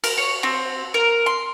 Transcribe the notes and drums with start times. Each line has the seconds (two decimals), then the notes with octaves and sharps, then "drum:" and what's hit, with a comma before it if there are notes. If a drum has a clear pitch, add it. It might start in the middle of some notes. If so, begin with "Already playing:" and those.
0.04 A#4, drum: cymbal
0.18 C#5
0.43 C4
0.94 A#4
1.26 C6